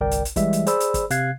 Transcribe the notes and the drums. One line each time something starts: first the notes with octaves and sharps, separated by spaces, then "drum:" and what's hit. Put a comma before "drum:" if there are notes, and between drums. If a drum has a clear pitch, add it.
G1 C2 A#4 D5 G5
drum: hi-hat
drum: hi-hat
E3 G3 G#3 E5, drum: kick, hi-hat
drum: hi-hat
G#4 C5 D5 B5 E6, drum: hi-hat
drum: hi-hat
drum: kick, hi-hat
C3 F5 F#6 G#6 C7, drum: hi-hat